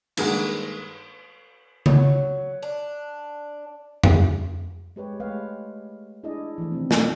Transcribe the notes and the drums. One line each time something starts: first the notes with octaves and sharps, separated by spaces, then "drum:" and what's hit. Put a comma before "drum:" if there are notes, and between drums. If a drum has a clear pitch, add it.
G2 D#3 G#3 A#3 F#5, drum: cymbal
F#3, drum: tom C#3
D4
drum: tom F2
G#3 G4 B4 C#5
G#3 A3 G4 B4 C#5 F5
D4 E4 G#4 D5 D#5
E3 F3 A3
C3 D#3 F3 A3 B3 C4
B2 D5, drum: snare